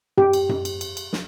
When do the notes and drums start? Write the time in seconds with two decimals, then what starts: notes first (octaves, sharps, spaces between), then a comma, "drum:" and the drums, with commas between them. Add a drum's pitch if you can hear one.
0.18 G4, drum: tom F#2
0.33 drum: cymbal
0.49 drum: tom F#2
0.65 drum: cymbal
0.81 drum: cymbal
0.97 drum: cymbal
1.13 drum: snare